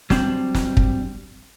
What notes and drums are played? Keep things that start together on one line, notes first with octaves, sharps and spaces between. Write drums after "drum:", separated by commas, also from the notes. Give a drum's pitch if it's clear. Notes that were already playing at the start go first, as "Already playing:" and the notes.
F#3 G3 C4 D4, drum: snare
drum: snare
drum: kick